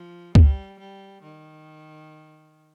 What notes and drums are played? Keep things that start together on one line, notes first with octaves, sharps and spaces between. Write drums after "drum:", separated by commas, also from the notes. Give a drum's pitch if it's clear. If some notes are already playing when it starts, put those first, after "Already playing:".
Already playing: F3
G3, drum: kick C#2
G3
D#3